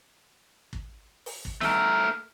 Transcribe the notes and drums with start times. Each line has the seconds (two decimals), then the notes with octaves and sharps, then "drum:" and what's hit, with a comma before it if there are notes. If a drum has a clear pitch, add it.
0.73 drum: kick
1.26 drum: open hi-hat
1.45 drum: kick
1.61 A3 A#4, drum: snare